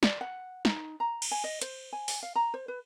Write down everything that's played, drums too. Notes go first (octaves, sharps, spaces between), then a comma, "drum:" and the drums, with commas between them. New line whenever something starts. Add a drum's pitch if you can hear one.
D5, drum: snare
F#5
D#4, drum: snare
A#5
drum: cymbal
G#5
D#5
C5, drum: hi-hat
G#5
drum: open hi-hat
F5
A#5
C5
B4